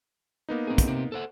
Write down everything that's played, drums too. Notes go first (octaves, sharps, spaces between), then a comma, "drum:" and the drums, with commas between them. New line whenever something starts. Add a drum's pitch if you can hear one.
A#3 B3 D#4
C4 G#4
drum: kick, hi-hat
C3 C4
A4 C5 F#5